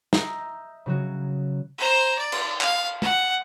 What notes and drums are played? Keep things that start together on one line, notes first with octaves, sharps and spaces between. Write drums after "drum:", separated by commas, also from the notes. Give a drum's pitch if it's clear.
D#5 E5 A#5 G6 A#6, drum: snare
C#3 F#3 F#4
C5 A#5
D5
drum: cymbal
F5, drum: clap
F#5, drum: tom